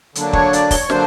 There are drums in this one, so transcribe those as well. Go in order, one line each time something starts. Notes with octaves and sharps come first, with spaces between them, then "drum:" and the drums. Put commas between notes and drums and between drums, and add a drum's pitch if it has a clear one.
D3 F#3 A#3 D4, drum: hi-hat
C#5, drum: kick
D5, drum: hi-hat
C#5, drum: kick, open hi-hat
D3 F#3 A#3 D4 C5, drum: snare